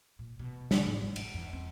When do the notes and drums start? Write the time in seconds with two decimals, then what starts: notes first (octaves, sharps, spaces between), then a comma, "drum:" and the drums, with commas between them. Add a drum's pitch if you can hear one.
0.19 A#2
0.39 B2
0.71 F#3, drum: snare
0.86 G#2
1.01 G1
1.16 drum: cymbal
1.34 E2
1.53 C4